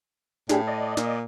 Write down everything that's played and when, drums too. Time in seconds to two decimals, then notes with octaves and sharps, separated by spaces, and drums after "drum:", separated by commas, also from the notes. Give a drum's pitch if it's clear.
0.49 A2 D4 G4 G#4, drum: snare
0.67 D5 D#5
0.97 A#2, drum: snare